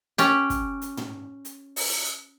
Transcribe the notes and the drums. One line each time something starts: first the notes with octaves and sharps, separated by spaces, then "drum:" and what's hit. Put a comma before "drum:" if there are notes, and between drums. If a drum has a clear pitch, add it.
C#4 G4, drum: hi-hat
drum: kick, hi-hat
drum: hi-hat
drum: tom
drum: hi-hat
drum: open hi-hat